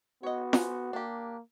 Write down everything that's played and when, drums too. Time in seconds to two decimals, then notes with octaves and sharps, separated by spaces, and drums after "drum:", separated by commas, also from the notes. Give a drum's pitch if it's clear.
0.23 B3 F#4 C#5 D#5
0.53 C5 F#5 G#5, drum: snare
0.93 A#3 D4 G4